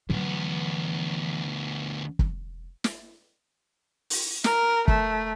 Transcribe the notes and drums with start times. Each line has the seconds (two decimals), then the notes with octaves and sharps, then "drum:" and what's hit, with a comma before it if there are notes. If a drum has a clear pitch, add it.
0.10 D2 E3 F#3 B3
2.19 drum: kick
2.84 drum: snare
4.10 drum: open hi-hat
4.44 A#4, drum: snare
4.88 A3, drum: kick